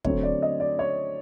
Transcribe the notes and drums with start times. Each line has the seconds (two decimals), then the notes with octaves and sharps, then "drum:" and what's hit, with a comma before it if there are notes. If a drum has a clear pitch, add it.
0.05 D3 F#3 A3 C4 C#5, drum: kick
0.23 D5
0.42 D#5
0.60 D5
0.79 C#5